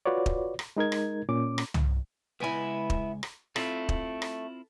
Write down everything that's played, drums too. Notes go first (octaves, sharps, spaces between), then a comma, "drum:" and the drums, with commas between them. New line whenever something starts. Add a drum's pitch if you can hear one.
F4 F#4 B4 C#5 D5
drum: kick
drum: rim click
G#3 D#4 A#4 G#6
drum: rim click
A#2 C#4 D6
drum: rim click
drum: tom
C#2 G#3 B3 E4 G#5
drum: kick
drum: rim click
A3 C4 E4 F4, drum: rim click
drum: kick
drum: rim click